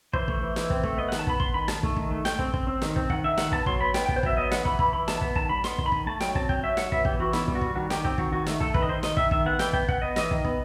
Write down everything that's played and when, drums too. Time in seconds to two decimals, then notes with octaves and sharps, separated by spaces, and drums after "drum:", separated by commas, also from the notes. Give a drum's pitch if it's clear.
0.13 E3 C5, drum: kick
0.28 A3, drum: kick
0.41 E3
0.56 E3, drum: snare
0.70 C4, drum: kick
0.83 A3, drum: kick
0.98 B3 D#5
1.09 F#5
1.12 D#3, drum: snare
1.19 A5
1.27 B3 B5, drum: kick
1.40 B3 C6, drum: kick
1.54 D#3 B5
1.68 D#3 A5, drum: snare
1.83 A3, drum: kick
1.96 D#3, drum: kick
2.11 A3
2.25 A3 G5, drum: snare
2.39 C4, drum: kick
2.54 C4, drum: kick
2.67 C4
2.82 D#3, drum: snare
2.96 C4, drum: kick
3.10 D#3 F#5, drum: kick
3.24 D#3 E5
3.38 D#3 F#5, drum: snare
3.52 B3 A5, drum: kick
3.66 F#3 C6, drum: kick
3.80 B3 B5
3.94 B3 G5, drum: snare
4.06 G5
4.09 B3, drum: kick
4.16 C5
4.23 F#3 E5, drum: kick
4.37 B3 D#5
4.52 E3 F#5, drum: snare
4.65 E3 B5, drum: kick
4.79 E3 B5, drum: kick
4.93 E3 B5
5.08 B3 A5, drum: snare
5.21 B3, drum: kick
5.35 D#3 A5, drum: kick
5.49 G3 B5
5.64 B3 C6, drum: snare
5.78 D#3, drum: kick
5.86 B5
5.92 D#3, drum: kick
6.07 A3 A5
6.20 F#3 G5, drum: snare
6.35 C4 A5, drum: kick
6.49 F#3 G5, drum: kick
6.63 F#3 E5
6.77 F#3 F#5, drum: snare
6.92 B3 E5, drum: kick
7.05 E3 G4, drum: kick
7.20 E3 F#4
7.33 B3 E4, drum: snare
7.48 G3, drum: kick
7.55 F#4
7.61 G3, drum: kick
7.76 D#3 F#4
7.90 D#3 G4, drum: snare
8.05 C4 G4, drum: kick
8.18 D#3 F#4, drum: kick
8.32 D#3 F#4
8.47 A3, drum: snare
8.60 A3 A4, drum: kick
8.74 D#3 B4, drum: kick
8.82 D#5
8.89 D#3 C5
9.03 D#3 D#5, drum: snare
9.17 D#3 E5, drum: kick
9.31 D#3 E5, drum: kick
9.46 B3 F#5
9.59 E3 G5, drum: snare
9.73 B3 G5, drum: kick
9.88 B3 F#5, drum: kick
10.02 B3 D#5
10.16 E3 D#5, drum: snare
10.31 D#3, drum: kick
10.44 B3, drum: kick